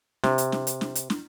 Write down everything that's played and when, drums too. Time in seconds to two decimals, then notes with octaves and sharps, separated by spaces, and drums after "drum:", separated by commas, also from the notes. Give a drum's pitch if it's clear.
0.24 C3, drum: snare
0.38 drum: hi-hat
0.52 drum: snare
0.67 drum: hi-hat
0.81 drum: snare
0.95 drum: hi-hat
1.10 drum: snare